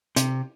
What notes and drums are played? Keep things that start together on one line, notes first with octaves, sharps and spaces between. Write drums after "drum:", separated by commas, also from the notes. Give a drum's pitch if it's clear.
C3, drum: hi-hat